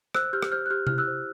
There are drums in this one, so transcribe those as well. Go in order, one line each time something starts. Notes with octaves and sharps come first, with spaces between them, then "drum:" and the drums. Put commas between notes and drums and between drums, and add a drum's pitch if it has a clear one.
C5 E6 F#6, drum: rim click
G4 F6 G6
drum: rim click
C5 F6 G6
F#6
G4 F6 G6
E4 F6, drum: tom C3
E6 F#6
C5